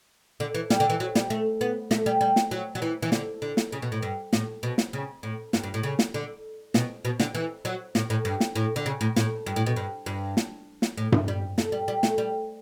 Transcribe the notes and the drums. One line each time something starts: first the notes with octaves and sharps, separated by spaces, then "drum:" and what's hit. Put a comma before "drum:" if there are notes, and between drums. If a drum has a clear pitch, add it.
D3
E3
G3, drum: snare
D3
E3
F#3
G3, drum: snare
A3
B3
A3, drum: snare
G3
G3
drum: snare
F#3
F#3
E3
E3
D3, drum: snare
D3
drum: snare
C#3
B2
A2
G2
A2, drum: snare
B2
drum: snare
C#3
A2
G2, drum: snare
G2
A2
C#3
drum: snare
D3
B2, drum: snare
B2
D3, drum: snare
E3
F#3
A2, drum: snare
A2
G2
drum: snare
A2
D3
C#3
A2
A2, drum: snare
G2
A2
B2
G2
G2
drum: snare
drum: snare
A2
drum: tom G2
G3
A3, drum: snare
G3
G3
A3, drum: snare
G3